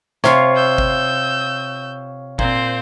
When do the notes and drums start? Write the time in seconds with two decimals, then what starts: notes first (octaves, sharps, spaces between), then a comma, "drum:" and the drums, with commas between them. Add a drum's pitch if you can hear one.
0.24 C3 F4 C#5 F5 C#6, drum: snare
0.56 E6 G6
0.78 drum: kick G1
2.39 A#2 C4 C5, drum: kick G1